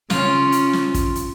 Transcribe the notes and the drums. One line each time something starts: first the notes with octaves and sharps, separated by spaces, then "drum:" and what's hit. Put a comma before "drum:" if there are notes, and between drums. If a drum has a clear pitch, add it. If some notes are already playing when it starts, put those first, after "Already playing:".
C#3 C#4 F4, drum: snare
drum: hi-hat
drum: snare
drum: kick, hi-hat
drum: hi-hat